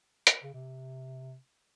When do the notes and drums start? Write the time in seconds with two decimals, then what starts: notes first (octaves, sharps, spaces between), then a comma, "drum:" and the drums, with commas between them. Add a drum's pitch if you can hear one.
0.27 drum: hi-hat
0.43 C#3
0.54 C3